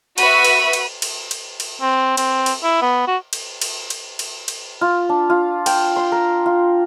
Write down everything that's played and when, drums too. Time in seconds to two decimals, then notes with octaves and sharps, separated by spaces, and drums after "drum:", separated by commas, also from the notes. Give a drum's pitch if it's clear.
0.18 F#4 B4 E5 B5 D#7, drum: cymbal
0.44 drum: cymbal
0.73 drum: cymbal
1.02 drum: cymbal
1.31 drum: cymbal
1.60 drum: cymbal
1.81 C4
2.17 C4, drum: cymbal
2.46 drum: cymbal
2.63 E4
2.82 B3
3.08 F#4
3.33 drum: cymbal
3.61 drum: cymbal
3.90 drum: cymbal
4.19 drum: cymbal
4.48 drum: cymbal
4.81 F4
5.09 D4
5.30 F4
5.66 G5, drum: cymbal
5.96 C6
6.12 A#4
6.46 F4